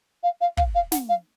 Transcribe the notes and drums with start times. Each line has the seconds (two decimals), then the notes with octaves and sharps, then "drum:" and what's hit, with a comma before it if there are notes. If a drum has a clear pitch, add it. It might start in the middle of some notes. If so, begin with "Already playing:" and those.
0.23 F5
0.41 F5
0.57 F5, drum: kick
0.75 F5
0.92 F#5, drum: snare
1.09 F5